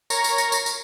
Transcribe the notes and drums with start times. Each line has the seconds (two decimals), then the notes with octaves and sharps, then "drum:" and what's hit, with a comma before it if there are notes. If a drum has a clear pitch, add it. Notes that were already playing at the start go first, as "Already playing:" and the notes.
0.10 A#4 C#5 A#5, drum: tambourine
0.24 drum: tambourine
0.38 drum: tambourine
0.52 drum: tambourine
0.66 drum: tambourine